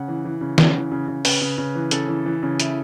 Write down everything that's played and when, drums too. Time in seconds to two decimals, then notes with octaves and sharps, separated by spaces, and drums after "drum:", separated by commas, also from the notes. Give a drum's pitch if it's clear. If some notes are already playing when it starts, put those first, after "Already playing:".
Already playing: C#3 F#5
0.08 E3
0.25 E3
0.41 C#3
0.58 C#3, drum: snare
0.74 E3
0.92 C#3
1.08 C#3
1.25 C#3 B4, drum: open hi-hat
1.41 C#3
1.58 C#3
1.75 E3
1.91 C#3 A4, drum: hi-hat
2.08 E3
2.25 E3
2.43 C#3
2.60 E4, drum: hi-hat